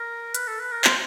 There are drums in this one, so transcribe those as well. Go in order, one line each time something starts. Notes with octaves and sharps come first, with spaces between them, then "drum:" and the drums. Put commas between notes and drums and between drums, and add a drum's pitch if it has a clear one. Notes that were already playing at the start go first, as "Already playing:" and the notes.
Already playing: A#4
B4, drum: hi-hat
A4
B4
A#4
C5, drum: clap